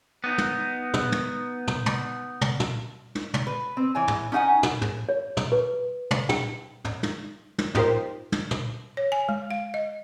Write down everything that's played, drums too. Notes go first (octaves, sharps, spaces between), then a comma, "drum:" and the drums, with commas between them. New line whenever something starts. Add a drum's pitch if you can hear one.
B3 D#4
drum: tom
drum: tom
drum: tom
drum: tom
drum: tom
drum: tom
drum: tom
drum: tom
drum: tom
B4
C4
E3 C#5 G#5
drum: tom
C#4 D#4 F5 F#5 G#5
drum: tom
drum: tom
C#5
drum: tom
B4
drum: tom
G5, drum: tom
drum: tom
drum: tom
drum: tom
D#4 F4 G4 A#4 C5, drum: tom
drum: tom
drum: tom
C#5
G#5
G#3
F5
D#5